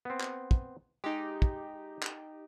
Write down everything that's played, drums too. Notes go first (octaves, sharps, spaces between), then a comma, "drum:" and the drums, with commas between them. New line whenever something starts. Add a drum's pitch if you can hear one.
B3 C4
drum: clap
drum: kick
G#3 D#4 G4
drum: kick
drum: clap